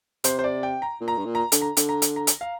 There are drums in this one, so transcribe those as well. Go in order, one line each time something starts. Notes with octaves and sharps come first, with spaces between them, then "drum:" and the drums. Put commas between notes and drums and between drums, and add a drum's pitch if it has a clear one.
C3 C5, drum: hi-hat
C5
D5
G5
A#5
A#2
A#5
G2
A#2
A#5
D3, drum: hi-hat
A#5
D3, drum: hi-hat
A#5
drum: hi-hat
A#5
drum: hi-hat
F5